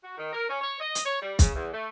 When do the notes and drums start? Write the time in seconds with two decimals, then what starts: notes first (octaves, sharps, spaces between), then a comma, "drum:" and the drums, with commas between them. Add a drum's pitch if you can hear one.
0.03 F#4
0.17 D#3
0.33 A#4
0.49 C#4
0.60 C#5
0.80 D#5
0.95 drum: hi-hat
1.05 C#5
1.21 G3
1.39 C#3, drum: kick, hi-hat
1.54 E2
1.73 A3